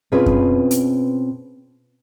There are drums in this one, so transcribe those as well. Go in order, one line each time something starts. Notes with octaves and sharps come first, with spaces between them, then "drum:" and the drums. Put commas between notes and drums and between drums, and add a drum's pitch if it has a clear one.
B2 C4 C#4 F4 G#4 B4
drum: kick F#2
drum: hi-hat